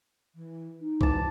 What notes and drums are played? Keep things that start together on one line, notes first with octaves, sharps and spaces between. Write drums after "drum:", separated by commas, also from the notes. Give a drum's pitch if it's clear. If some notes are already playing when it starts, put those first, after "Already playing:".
E3
D#4
G#2 E3 A5 D6, drum: kick B1